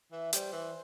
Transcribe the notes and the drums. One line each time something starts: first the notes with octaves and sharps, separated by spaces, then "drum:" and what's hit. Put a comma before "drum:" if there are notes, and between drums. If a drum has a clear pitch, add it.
E3 E5
G3 C5 D5, drum: hi-hat
E3